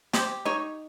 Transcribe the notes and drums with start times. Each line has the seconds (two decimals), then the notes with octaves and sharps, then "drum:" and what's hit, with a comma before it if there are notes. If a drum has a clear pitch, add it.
0.13 G4 C5, drum: snare
0.45 D#4 C#5